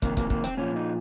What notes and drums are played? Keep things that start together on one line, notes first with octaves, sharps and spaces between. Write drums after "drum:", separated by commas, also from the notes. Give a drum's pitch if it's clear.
F2 C3 D#3 A#3, drum: kick, hi-hat
A#3, drum: kick, hi-hat
A#3, drum: kick
C4, drum: hi-hat
A#2 F3 C#4
D#4